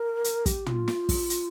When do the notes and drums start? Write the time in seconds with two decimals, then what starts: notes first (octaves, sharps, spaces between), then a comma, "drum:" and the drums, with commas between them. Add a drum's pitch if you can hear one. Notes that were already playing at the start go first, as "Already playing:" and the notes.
Already playing: A#4
0.24 drum: hi-hat
0.46 G4, drum: kick, hi-hat
0.66 F4, drum: tom
0.88 drum: snare
1.09 drum: kick, open hi-hat
1.30 drum: hi-hat